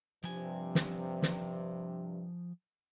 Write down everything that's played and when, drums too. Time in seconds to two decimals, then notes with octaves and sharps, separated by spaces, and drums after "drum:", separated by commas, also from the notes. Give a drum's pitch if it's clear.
0.24 G2 C3 F3 G#5
0.75 drum: snare
1.22 drum: snare